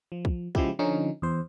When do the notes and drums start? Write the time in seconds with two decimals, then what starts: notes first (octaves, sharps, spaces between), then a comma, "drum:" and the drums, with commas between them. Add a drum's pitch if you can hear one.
0.12 F3
0.25 drum: kick
0.55 C#3 F3 G#3 E4 G4, drum: kick
0.79 D3 F3 C#4 D#4
1.22 E2 C5